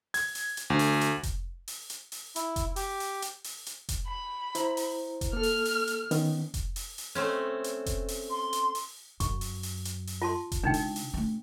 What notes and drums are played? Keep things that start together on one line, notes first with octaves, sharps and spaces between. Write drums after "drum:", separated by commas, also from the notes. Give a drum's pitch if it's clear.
G#6, drum: open hi-hat
drum: open hi-hat
drum: hi-hat
D2
drum: open hi-hat
drum: hi-hat
drum: kick F1, hi-hat
drum: open hi-hat
drum: hi-hat
drum: open hi-hat
E4, drum: hi-hat
drum: kick F1, hi-hat
G4, drum: open hi-hat
drum: open hi-hat
drum: hi-hat
drum: open hi-hat
drum: hi-hat
drum: kick F1, hi-hat
B5
E4 C5 A#5, drum: hi-hat
drum: open hi-hat
drum: kick F1, hi-hat
A#3 A4 F6
drum: open hi-hat
drum: open hi-hat
drum: hi-hat
D#3 B3 C#4, drum: open hi-hat
drum: kick F1, hi-hat
drum: open hi-hat
drum: open hi-hat
A3 C4 C#4
drum: hi-hat
drum: kick F1, hi-hat
drum: open hi-hat
C6
drum: hi-hat
drum: open hi-hat
F#2 C#6, drum: kick F1, hi-hat
drum: open hi-hat
drum: open hi-hat
drum: hi-hat
drum: open hi-hat
F4 A5 C6
drum: kick F1, hi-hat
C#3 G#3 D4 D#4 G5
drum: open hi-hat
drum: open hi-hat
A3 C#4